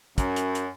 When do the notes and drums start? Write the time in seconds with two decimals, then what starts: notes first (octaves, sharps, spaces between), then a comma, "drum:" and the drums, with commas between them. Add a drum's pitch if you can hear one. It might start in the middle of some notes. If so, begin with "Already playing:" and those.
0.18 F#2, drum: kick, hi-hat
0.36 drum: hi-hat
0.55 drum: hi-hat